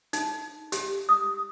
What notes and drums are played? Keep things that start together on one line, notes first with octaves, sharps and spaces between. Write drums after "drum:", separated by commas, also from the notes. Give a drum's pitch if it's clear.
D#4, drum: hi-hat
G4, drum: hi-hat
D#6